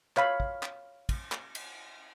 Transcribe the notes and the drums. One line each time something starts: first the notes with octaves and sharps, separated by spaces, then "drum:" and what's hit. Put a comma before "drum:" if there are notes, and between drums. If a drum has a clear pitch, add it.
C#5 F5 B5, drum: clap
drum: kick
drum: clap
drum: kick, cymbal
drum: clap
drum: cymbal